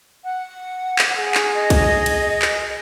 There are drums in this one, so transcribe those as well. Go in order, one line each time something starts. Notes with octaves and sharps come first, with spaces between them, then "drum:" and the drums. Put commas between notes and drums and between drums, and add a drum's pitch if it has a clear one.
F#5
drum: clap
G#4
drum: clap
D#5
drum: kick B1, cymbal
drum: cymbal
drum: clap